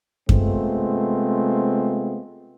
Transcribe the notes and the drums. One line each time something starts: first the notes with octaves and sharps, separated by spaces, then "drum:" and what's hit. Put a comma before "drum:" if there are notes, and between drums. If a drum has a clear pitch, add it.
C3 G#3 A3 B3 C4 F4, drum: kick F#2